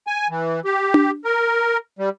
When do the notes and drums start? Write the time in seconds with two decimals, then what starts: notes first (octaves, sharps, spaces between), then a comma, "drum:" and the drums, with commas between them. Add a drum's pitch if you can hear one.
0.07 G#5
0.30 E3
0.65 G4
0.94 drum: tom D4
1.25 A#4
1.99 G3